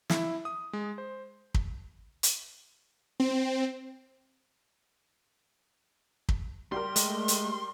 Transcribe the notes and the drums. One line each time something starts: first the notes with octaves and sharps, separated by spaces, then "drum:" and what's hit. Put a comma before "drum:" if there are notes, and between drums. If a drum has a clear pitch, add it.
E4, drum: snare
D#6
G#3
C5
drum: kick
drum: hi-hat
C4
drum: kick
G3 G4 A#4 C6
G#3 A3, drum: hi-hat
drum: hi-hat